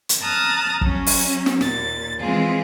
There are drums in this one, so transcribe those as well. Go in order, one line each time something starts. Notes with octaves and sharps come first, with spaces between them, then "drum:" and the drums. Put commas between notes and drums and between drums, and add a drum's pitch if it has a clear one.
drum: hi-hat
A5 A#5 D#6 F6 F#6 A6
F#3 C#4, drum: kick
drum: open hi-hat
drum: snare
D#2 A#2 A6, drum: snare
E3 G#3 C4 F4 G#4